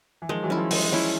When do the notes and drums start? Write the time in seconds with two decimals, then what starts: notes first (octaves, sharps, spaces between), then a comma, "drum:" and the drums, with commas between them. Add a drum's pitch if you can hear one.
0.22 E3
0.29 D#3 F3 G#3
0.43 E3 F#3
0.50 C#4 E4
0.57 D#3 F3
0.71 G#3, drum: open hi-hat
0.92 C#4 E4